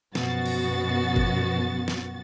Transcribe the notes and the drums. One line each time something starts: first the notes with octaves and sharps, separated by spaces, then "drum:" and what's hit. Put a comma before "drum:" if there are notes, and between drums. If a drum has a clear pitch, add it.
F#2 B2 F3 B3 F#4 A6, drum: snare
drum: cymbal
drum: kick G1
drum: snare